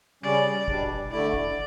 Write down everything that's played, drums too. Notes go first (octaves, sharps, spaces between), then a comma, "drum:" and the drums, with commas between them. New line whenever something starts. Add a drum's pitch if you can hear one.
C#3 G3 C#4 D5
B2 G3 D4, drum: kick
D3 A3 E4 D5
drum: kick